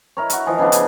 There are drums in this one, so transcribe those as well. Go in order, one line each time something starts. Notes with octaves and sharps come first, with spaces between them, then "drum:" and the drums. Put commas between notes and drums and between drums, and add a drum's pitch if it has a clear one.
E4 A#4 C#5
E4 F#4, drum: hi-hat
E3 F3 D#5
C#3 F3 B3 D4
C#3, drum: hi-hat